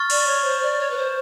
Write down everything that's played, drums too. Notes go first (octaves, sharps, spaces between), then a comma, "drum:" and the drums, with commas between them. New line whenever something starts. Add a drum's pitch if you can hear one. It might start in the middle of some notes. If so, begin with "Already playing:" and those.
Already playing: C#6 F6 A6
D5, drum: cymbal
C#5
C5
D5
C#5
B4
C5